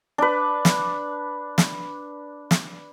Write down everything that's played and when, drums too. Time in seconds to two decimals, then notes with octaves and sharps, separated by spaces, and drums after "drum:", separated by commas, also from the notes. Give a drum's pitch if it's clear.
0.18 D4 B4
0.65 drum: snare
1.58 drum: snare
2.51 drum: snare